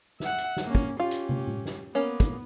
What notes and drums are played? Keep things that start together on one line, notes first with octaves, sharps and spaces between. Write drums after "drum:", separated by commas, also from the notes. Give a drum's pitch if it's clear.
E5 F#5, drum: snare
drum: hi-hat
drum: snare
A#3 C#4
drum: kick
C#4 F4 G4
drum: hi-hat
drum: tom
drum: tom A2
drum: snare
A#3 B3 C#4
drum: kick, hi-hat